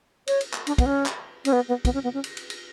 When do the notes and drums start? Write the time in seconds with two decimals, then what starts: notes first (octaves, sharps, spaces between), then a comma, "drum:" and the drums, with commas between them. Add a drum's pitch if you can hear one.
0.27 C#5, drum: cymbal
0.41 drum: cymbal
0.54 drum: clap
0.67 D4, drum: cymbal
0.78 B3, drum: kick, cymbal
0.86 C#4
1.06 drum: clap
1.45 C#4, drum: cymbal
1.53 B3
1.68 B3
1.85 B3, drum: kick, cymbal
1.94 C#4
2.04 B3
2.14 C#4
2.24 drum: cymbal
2.37 drum: cymbal
2.50 drum: cymbal